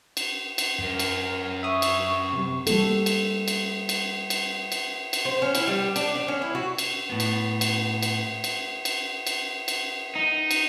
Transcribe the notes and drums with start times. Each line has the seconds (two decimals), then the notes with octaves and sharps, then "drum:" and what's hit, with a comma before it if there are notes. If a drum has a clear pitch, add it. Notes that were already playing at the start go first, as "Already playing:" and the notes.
0.17 drum: cymbal
0.58 drum: cymbal
0.79 F#2 A#4
0.99 drum: cymbal
1.63 E5 C#6 D#6
1.82 drum: cymbal
2.33 C3
2.67 G3 A#3 A4, drum: cymbal
3.06 drum: cymbal
3.48 drum: cymbal
3.89 drum: cymbal
4.30 drum: cymbal
4.72 drum: cymbal
5.13 drum: cymbal
5.25 C5
5.42 C#4
5.55 E4, drum: cymbal
5.67 G3
5.96 D4, drum: cymbal
6.15 D4
6.28 C#4
6.42 E4
6.55 F#4
6.78 drum: cymbal
7.10 A2 B3
7.20 drum: cymbal
7.61 drum: cymbal
8.03 drum: cymbal
8.44 drum: cymbal
8.85 drum: cymbal
9.27 drum: cymbal
9.68 drum: cymbal
10.16 D#4
10.51 drum: cymbal